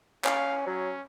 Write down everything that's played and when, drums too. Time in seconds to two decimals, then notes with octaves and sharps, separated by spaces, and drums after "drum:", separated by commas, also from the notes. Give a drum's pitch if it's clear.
0.24 C#4 F5, drum: clap
0.66 F#3 C#4